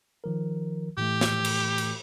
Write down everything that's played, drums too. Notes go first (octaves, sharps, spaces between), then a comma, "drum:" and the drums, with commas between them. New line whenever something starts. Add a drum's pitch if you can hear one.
D#3 F3 A#4
A2 E3 A3 G4
drum: snare
drum: cymbal
drum: cymbal